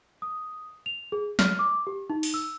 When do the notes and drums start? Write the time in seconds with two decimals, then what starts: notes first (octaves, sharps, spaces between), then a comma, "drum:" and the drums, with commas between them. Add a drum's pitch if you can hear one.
0.22 D#6
0.86 F7
1.12 G#4
1.39 F6, drum: snare
1.59 D6
1.87 G4
2.10 D#4
2.23 drum: open hi-hat
2.34 E6